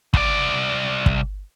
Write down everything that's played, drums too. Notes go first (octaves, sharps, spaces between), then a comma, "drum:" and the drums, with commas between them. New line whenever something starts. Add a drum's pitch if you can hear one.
C2 D5, drum: kick
drum: kick